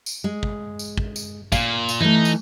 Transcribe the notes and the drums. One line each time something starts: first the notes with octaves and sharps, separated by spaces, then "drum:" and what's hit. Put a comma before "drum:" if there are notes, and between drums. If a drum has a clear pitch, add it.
drum: tambourine
G#3
drum: kick
drum: tambourine
drum: kick
drum: tambourine
A#2 F5, drum: kick, tambourine
drum: tambourine
E3 A3 D#4
drum: tambourine